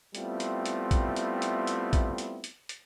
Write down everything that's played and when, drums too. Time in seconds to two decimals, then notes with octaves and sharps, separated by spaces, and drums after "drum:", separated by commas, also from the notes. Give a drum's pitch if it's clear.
0.15 G3 A3 B3 C4 E4 F4, drum: hi-hat
0.40 drum: hi-hat
0.66 drum: hi-hat
0.91 drum: kick, hi-hat
1.16 drum: hi-hat
1.42 drum: hi-hat
1.67 drum: hi-hat
1.93 drum: kick, hi-hat
2.18 drum: hi-hat
2.44 drum: hi-hat
2.69 drum: hi-hat